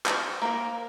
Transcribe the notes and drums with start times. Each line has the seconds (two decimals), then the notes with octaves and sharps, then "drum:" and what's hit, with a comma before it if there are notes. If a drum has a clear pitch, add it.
0.06 C5, drum: clap
0.42 A#3 A#4